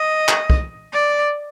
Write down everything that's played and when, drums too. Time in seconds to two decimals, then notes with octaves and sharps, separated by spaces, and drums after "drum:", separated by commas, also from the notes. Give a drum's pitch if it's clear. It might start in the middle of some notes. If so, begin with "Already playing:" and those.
Already playing: D#5
0.28 drum: clap
0.50 drum: kick
0.92 D5